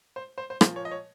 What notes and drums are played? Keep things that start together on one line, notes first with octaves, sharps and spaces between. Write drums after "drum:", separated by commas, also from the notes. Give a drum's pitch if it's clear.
C5
C5
C5
A#2 F3 A#3 C5, drum: rim click
C#5
D#5
C#5